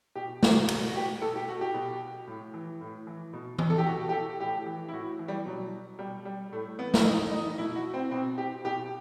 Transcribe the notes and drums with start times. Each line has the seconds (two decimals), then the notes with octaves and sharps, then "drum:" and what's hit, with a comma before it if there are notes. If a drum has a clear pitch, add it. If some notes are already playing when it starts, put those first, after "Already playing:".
0.16 B2 G4
0.43 F#4, drum: snare
0.68 B2, drum: cymbal
0.90 F#4
0.96 G4
1.21 B2 A4
1.36 G4
1.49 F#4
1.61 G4
1.74 B2
2.27 A2
2.54 E3
2.81 A2
3.07 E3
3.33 B2
3.59 drum: tom E3
3.70 A4
3.78 G4
3.87 B2 F#4
4.09 G4
4.13 A4
4.40 A2 G4
4.66 E3
4.88 E4
4.93 A2 F#4
5.19 E3
5.28 G3
5.46 B2 F#3
5.99 B2 G3
6.25 G3
6.52 A2 A3
6.79 E3 B3
6.94 E4, drum: snare
7.05 A2 D#4
7.31 E3 D#4
7.58 B2 E4
7.76 F#4
7.94 C4
8.11 B2 C4
8.38 G4
8.64 B2 G4